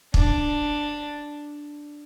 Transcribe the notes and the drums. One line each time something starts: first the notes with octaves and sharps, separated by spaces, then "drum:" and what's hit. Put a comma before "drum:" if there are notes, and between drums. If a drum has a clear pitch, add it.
D4, drum: kick